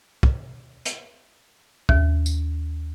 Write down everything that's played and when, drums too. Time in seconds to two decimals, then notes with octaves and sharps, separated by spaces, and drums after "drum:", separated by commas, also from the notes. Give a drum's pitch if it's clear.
0.23 drum: kick
0.85 drum: hi-hat
1.89 D#2, drum: kick
2.26 drum: tambourine